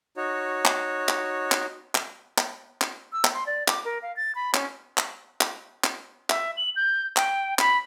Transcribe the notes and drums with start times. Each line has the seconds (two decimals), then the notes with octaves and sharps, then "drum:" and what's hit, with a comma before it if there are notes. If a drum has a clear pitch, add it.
0.17 D#4 F#4 C#5
0.65 drum: clap
1.08 drum: clap
1.52 drum: clap
1.95 drum: clap
2.38 drum: clap
2.81 drum: clap
3.12 E6
3.25 drum: clap
3.34 C6
3.46 D5
3.68 D6, drum: clap
3.85 A#4
4.02 F5
4.16 A6
4.35 B5
4.54 C#4, drum: clap
4.98 drum: clap
5.41 drum: clap
5.84 drum: clap
6.30 E5, drum: clap
6.57 F#7
6.76 G6
7.17 G5, drum: clap
7.59 B5, drum: clap